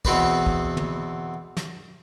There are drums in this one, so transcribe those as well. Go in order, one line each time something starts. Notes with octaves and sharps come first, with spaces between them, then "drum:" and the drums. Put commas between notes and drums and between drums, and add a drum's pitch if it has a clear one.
E2 B2 C4 B4 D5, drum: kick
drum: kick
drum: tom
drum: snare